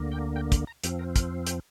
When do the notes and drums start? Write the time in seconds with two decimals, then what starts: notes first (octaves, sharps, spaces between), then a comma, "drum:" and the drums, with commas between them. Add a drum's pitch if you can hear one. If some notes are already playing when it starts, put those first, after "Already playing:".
Already playing: D2 D3 A#3
0.12 G5
0.36 G5
0.52 C6, drum: kick, hi-hat
0.67 A#5
0.84 F2 F3 C4 G4, drum: hi-hat
0.99 A#4
1.16 A#4, drum: kick, hi-hat
1.47 G5, drum: hi-hat